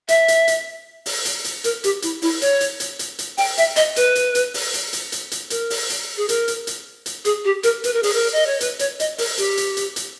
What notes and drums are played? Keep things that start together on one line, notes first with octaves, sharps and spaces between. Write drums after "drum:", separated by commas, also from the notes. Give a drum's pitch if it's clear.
E5, drum: hi-hat
drum: hi-hat
drum: hi-hat
drum: open hi-hat
drum: hi-hat
drum: hi-hat
A#4, drum: hi-hat
G4, drum: hi-hat
E4, drum: hi-hat
E4, drum: open hi-hat
C#5, drum: hi-hat
drum: hi-hat
drum: hi-hat
drum: hi-hat
drum: hi-hat
G5, drum: open hi-hat
E5, drum: hi-hat
D#5, drum: hi-hat
B4, drum: hi-hat
drum: hi-hat
drum: hi-hat
drum: open hi-hat
drum: hi-hat
drum: hi-hat
drum: hi-hat
drum: hi-hat
A#4, drum: hi-hat
drum: open hi-hat
drum: hi-hat
G#4
A#4, drum: hi-hat
drum: hi-hat
drum: hi-hat
drum: hi-hat
G#4, drum: hi-hat
G4
A#4, drum: hi-hat
B4, drum: hi-hat
A#4
G#4, drum: open hi-hat
A#4
D#5
C#5
B4, drum: hi-hat
C#5, drum: hi-hat
D#5, drum: hi-hat
A#4, drum: open hi-hat
G4, drum: hi-hat
drum: hi-hat
drum: hi-hat
drum: hi-hat